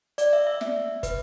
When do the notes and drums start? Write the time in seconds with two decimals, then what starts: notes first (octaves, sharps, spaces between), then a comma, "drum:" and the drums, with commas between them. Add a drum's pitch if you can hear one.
0.18 D5, drum: hi-hat
0.33 E5
0.47 E5
0.61 drum: snare
1.03 B4, drum: kick, hi-hat